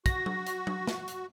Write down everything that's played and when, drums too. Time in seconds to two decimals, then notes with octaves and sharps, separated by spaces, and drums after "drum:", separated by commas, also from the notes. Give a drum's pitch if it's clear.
0.06 F#4 A#6, drum: kick, hi-hat
0.26 drum: tom F#3
0.47 drum: hi-hat
0.67 drum: tom F#3
0.87 drum: snare
1.08 drum: hi-hat